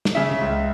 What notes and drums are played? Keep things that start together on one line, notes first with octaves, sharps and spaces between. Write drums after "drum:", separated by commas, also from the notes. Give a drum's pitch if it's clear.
drum: snare
C#3 E5
drum: tom D3
C#2